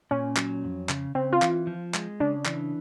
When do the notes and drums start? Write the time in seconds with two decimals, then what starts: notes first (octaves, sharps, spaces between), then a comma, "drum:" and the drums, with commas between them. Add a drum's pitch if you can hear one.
0.11 A#2 C#4
0.37 F#3, drum: clap
0.64 F2
0.89 C#3, drum: clap
1.15 C#3 C4
1.33 F4
1.42 E3, drum: clap
1.67 F3
1.94 G#3, drum: clap
2.20 C#3 D4
2.45 E3, drum: clap